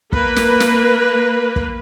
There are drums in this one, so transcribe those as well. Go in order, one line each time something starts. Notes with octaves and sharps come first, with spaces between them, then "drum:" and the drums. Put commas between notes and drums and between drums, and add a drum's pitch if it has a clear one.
A#3 B4, drum: kick
drum: snare
drum: snare
drum: kick